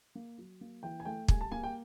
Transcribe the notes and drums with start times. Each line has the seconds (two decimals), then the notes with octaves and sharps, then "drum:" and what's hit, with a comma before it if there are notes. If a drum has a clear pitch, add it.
0.15 A#3
0.38 F#3
0.61 A#3
0.83 E3 G5
1.00 G#5
1.05 A3 G5
1.28 G3 G#5, drum: kick
1.41 A5
1.52 A#3 G#5
1.64 G5